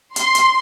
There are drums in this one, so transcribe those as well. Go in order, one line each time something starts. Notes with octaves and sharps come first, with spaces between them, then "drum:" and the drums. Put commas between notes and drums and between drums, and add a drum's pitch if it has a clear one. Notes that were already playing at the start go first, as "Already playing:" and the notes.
C6, drum: hi-hat
drum: hi-hat